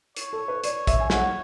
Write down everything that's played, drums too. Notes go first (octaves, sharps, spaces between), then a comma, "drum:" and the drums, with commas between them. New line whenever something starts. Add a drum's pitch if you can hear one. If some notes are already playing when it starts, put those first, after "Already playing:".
C#5, drum: hi-hat
A4
B4
C#5 D5, drum: hi-hat
E5, drum: kick, hi-hat
G#5
C#5 F#5, drum: snare